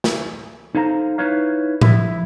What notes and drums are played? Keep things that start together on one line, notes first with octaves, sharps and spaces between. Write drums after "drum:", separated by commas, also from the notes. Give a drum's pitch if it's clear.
drum: snare
D#4 A4 C5 F5 A#5
D#4 E4 B4 C#5 F5
F3 E4, drum: tom A2